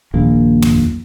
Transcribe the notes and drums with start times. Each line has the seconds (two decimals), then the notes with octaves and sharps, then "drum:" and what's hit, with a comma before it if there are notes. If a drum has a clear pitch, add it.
0.14 D#1 A#1 A#3
0.62 drum: tom